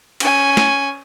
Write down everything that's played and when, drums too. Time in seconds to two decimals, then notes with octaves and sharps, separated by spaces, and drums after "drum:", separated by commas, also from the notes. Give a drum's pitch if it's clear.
0.20 C#4 G#5, drum: cymbal
0.57 drum: snare